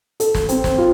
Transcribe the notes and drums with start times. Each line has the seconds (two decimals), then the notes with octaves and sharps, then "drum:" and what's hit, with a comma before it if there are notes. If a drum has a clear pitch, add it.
0.20 A4, drum: hi-hat
0.35 drum: snare
0.49 C4, drum: hi-hat
0.64 drum: snare
0.78 F4